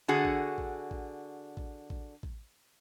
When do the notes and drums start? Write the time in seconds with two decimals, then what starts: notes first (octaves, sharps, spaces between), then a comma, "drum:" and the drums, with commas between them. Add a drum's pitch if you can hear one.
0.08 D3 F#4 G#4
0.25 drum: kick A1
0.58 drum: kick A1
0.91 drum: kick A1
1.57 drum: kick A1
1.90 drum: kick A1
2.23 drum: kick A1